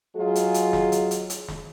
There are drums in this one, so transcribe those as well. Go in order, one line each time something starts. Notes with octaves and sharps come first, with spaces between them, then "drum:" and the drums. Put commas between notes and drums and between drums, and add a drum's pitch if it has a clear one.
F#3 G#3 F4 G#4
drum: hi-hat
drum: hi-hat
drum: snare
drum: hi-hat
drum: hi-hat
drum: hi-hat
drum: snare